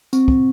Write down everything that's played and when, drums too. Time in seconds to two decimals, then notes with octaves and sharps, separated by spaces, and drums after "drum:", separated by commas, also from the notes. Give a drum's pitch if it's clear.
0.13 C4, drum: tambourine
0.28 drum: kick